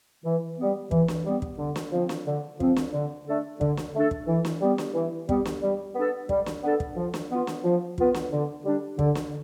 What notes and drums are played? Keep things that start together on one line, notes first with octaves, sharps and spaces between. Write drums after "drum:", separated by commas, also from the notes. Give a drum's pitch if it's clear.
E3
G3 B3
E3, drum: kick
drum: snare
G3 B3
drum: kick
D3
drum: snare
F3 C4
drum: snare
D3
F3 C4, drum: kick
drum: snare
D3
A3 D4 A4
D3, drum: kick
drum: snare
A3 D4 A4
drum: kick
E3
drum: snare
G3 B3
drum: snare
E3
G3 B3, drum: kick
drum: snare
G3
B3 D4 A4
G3, drum: kick
drum: snare
B3 D4 A4
drum: kick
F3
drum: snare
B3 F4
drum: snare
F3
B3 F4, drum: kick
drum: snare
D3
G3 D4
D3, drum: kick
drum: snare